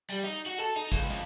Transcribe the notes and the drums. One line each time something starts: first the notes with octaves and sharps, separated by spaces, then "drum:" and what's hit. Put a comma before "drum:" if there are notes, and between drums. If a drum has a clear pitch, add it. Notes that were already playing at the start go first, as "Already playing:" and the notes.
G3
D#4, drum: hi-hat
F#4
A4
D#4
C#2, drum: kick
F2